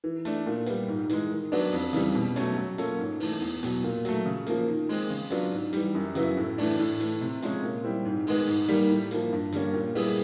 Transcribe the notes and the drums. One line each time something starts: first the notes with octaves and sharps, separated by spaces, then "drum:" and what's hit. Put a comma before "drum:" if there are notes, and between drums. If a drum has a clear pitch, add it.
E3
A3 D4, drum: hi-hat
A#2
G3 B3, drum: hi-hat
G#2
E3 G#3, drum: hi-hat
D#3
F#3 B3 D4, drum: open hi-hat
F2
C#3 E3 G3, drum: hi-hat
B2
F#3 A3 C#4, drum: hi-hat
F#3
A#3 C#4 F4 A4, drum: hi-hat
G#2
E3 A3, drum: open hi-hat
E2
B2 F#3, drum: hi-hat
A#2
F#3 A3, drum: hi-hat
C#3
F3 A#3, drum: hi-hat
D#3
G#3 C4, drum: open hi-hat
C#3
F#3 B3 D4 F4, drum: hi-hat
G#2
E3 G3, drum: hi-hat
F#2
C#3 F#3 B3 E4, drum: hi-hat
A2
E3 A3 D4, drum: open hi-hat
A2
E3 A3, drum: hi-hat
C3
F3 G#3 C#4, drum: hi-hat
A#2
G3 C4 E4
G#2
D#3 G#3 B3, drum: open hi-hat
G#2
D#3 G3 A#3, drum: hi-hat
A2
F3 A#3, drum: hi-hat
G2
D3 G3 A#3 C#4, drum: hi-hat
A#2
G3 B3 E4 G#4, drum: open hi-hat